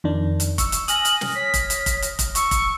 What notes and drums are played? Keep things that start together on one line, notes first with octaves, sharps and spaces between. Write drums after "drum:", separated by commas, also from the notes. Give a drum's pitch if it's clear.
F2 D#3 D4
drum: hi-hat
C#6 E6, drum: kick F1, hi-hat
drum: hi-hat
G#5 D#6 F6 A#6 F#7, drum: hi-hat
drum: hi-hat
drum: snare
C#5 B6
drum: kick F1, hi-hat
drum: hi-hat
drum: kick F1, hi-hat
drum: hi-hat
drum: kick F1, hi-hat
C#6 E6, drum: hi-hat
drum: kick F1, hi-hat